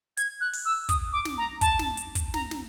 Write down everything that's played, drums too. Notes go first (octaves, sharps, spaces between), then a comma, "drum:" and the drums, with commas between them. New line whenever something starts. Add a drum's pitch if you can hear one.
G#6, drum: hi-hat
F#6
drum: open hi-hat
E6
D#6, drum: kick, hi-hat
D6
drum: snare
A#5
A5, drum: kick, hi-hat
drum: snare
drum: hi-hat
drum: kick, hi-hat
A#5, drum: snare
drum: snare